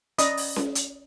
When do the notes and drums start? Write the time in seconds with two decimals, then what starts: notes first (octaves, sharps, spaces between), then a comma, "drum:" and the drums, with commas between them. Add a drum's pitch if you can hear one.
0.18 C#4 D5 D#5 B5 D#6, drum: hi-hat
0.37 drum: open hi-hat
0.56 drum: snare C#4
0.75 drum: hi-hat